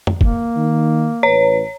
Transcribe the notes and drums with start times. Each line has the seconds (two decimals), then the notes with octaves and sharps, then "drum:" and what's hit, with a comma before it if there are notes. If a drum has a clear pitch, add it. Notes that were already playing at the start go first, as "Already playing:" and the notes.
0.07 drum: tom
0.21 A#3, drum: kick
0.56 D#3
1.23 A1 B4 C#5